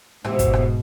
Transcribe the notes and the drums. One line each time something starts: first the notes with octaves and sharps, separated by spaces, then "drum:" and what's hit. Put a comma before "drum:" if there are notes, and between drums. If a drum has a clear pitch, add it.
G#2 B2 E3 C4 G4, drum: rim click
drum: kick, hi-hat
drum: rim click